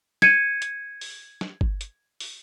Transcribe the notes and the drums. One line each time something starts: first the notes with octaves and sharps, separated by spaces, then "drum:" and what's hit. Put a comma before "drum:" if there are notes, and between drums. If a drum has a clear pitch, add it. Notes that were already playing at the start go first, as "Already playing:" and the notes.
G#6 C#7 D#7, drum: snare
drum: hi-hat
drum: open hi-hat
drum: snare
drum: kick G1
drum: hi-hat
drum: open hi-hat